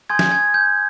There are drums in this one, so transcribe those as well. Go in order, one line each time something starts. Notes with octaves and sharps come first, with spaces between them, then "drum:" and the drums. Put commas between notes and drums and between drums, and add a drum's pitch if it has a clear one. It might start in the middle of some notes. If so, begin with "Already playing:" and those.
G#5 C6 D#6 G6 G#6
drum: snare
G#6
G6